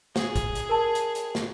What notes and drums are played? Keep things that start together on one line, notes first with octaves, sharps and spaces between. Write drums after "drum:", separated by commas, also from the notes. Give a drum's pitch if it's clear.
G#4, drum: snare
drum: kick, hi-hat
drum: hi-hat
A#4 A5
drum: hi-hat
drum: hi-hat
drum: snare